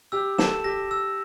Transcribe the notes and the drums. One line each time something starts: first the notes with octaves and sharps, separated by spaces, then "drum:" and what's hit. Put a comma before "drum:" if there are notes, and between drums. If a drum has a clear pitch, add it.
G4 E6
A4 E7, drum: snare
G4 A#6
E6